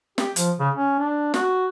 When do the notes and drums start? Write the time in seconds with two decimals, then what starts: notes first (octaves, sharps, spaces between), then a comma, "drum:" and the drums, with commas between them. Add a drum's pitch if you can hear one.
0.18 G4, drum: snare
0.36 F3, drum: hi-hat
0.60 C#3
0.75 C#4
0.99 D4
1.34 F#4, drum: snare